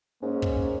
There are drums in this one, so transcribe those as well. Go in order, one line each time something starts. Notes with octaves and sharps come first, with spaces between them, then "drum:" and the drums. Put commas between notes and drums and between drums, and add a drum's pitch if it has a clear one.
G#2 A#3 C#4
drum: kick